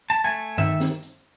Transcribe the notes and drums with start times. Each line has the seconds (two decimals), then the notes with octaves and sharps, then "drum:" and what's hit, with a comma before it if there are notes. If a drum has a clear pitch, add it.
0.10 A5
0.24 A3 G#5
0.58 D#3 E5, drum: tom G2
0.80 drum: snare
1.03 drum: hi-hat